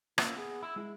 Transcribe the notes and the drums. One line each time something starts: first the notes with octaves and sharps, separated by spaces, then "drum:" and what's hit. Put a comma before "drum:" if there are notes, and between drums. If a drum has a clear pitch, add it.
A#3 C#4 E4 F4 B4, drum: rim click
B3 G#4
E4
G#3 E4